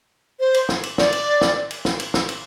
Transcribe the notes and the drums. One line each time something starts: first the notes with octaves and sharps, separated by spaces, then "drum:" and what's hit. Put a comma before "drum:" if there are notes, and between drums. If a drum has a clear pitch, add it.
C5
drum: cymbal
drum: snare
drum: cymbal
D5, drum: snare
drum: cymbal
drum: snare
drum: cymbal
drum: snare
drum: cymbal
drum: snare
drum: cymbal